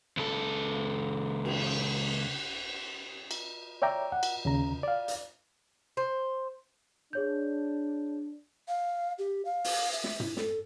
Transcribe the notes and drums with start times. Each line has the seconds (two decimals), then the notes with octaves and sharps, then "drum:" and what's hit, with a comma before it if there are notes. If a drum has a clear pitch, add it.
0.17 C#2 A4
1.45 drum: cymbal
3.31 drum: cymbal
3.82 C#5 D5 E5 G5 A#5 D6
4.12 F#5
4.23 drum: cymbal
4.45 D#2 C#3 A#5
4.83 D5 F5
5.08 drum: hi-hat
5.97 C5
7.13 D4 G#4 C#5 G6
8.68 F5
9.18 G4
9.45 F5
9.64 drum: open hi-hat
9.93 E5
10.04 drum: snare
10.20 E4, drum: tom
10.37 A4, drum: snare